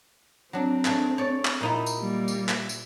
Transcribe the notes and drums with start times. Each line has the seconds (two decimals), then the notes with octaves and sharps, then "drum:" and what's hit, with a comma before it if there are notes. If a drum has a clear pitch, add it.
0.53 F#3 C4 D4
0.85 A3 D4 G#4, drum: clap
1.18 C#5 D5
1.45 drum: clap
1.61 A#2 D#4 E4
1.86 drum: tambourine
1.99 G3 A#3
2.28 drum: tambourine
2.49 E5, drum: clap
2.69 drum: tambourine